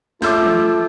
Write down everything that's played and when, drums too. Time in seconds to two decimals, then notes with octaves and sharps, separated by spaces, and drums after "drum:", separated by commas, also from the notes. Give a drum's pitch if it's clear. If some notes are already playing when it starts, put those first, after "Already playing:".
0.22 A3 F4 D6 E6 G6, drum: snare
0.42 drum: tom E3